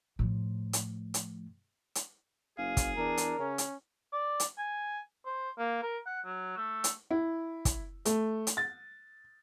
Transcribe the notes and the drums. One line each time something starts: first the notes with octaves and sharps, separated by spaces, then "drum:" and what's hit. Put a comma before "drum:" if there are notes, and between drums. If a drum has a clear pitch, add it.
A2 F3
drum: hi-hat
drum: hi-hat
drum: hi-hat
F#1 G#4 F5
drum: kick, hi-hat
E2 D4 A#4
drum: hi-hat
C#3 C#4
drum: hi-hat
D5
drum: hi-hat
G#5
C5
A#3
A#4
F#5
F#3
A3
drum: hi-hat
E4
drum: kick, hi-hat
A3, drum: hi-hat
drum: hi-hat
A6